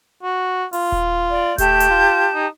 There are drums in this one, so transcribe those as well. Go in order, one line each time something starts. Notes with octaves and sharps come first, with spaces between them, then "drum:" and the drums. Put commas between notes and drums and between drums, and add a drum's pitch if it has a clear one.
F#4
F4, drum: open hi-hat
drum: kick D#1
D5
A3 G4 A5 G6, drum: kick D#1, hi-hat
drum: hi-hat
F4
D#4